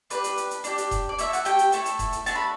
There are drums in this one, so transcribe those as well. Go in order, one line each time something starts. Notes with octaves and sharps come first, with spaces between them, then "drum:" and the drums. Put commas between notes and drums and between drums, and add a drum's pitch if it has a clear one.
D4 G4 B4, drum: hi-hat
drum: hi-hat
drum: hi-hat
drum: hi-hat
D4 G4, drum: hi-hat
drum: hi-hat
drum: kick E1, hi-hat
D5
A3 E4 A4 E5, drum: hi-hat
F#5, drum: hi-hat
G4 G5, drum: hi-hat
drum: hi-hat
A3 E4 A4, drum: hi-hat
drum: hi-hat
drum: kick E1, hi-hat
drum: hi-hat
A3 D4 F#4 A5, drum: hi-hat
B5